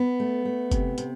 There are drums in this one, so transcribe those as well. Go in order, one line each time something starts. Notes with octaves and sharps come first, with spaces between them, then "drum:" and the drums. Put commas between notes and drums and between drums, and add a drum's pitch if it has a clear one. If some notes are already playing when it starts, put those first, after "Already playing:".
Already playing: B3
A3
A3
C3, drum: kick F#1, hi-hat
C3, drum: hi-hat